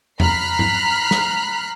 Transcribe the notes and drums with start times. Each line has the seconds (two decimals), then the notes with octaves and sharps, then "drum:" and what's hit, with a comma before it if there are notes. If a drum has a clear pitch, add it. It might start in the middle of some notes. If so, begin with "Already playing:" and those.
0.20 A#5 B5 F6 F#6 B6 C7, drum: tom E2
0.59 drum: tom G2
1.11 drum: snare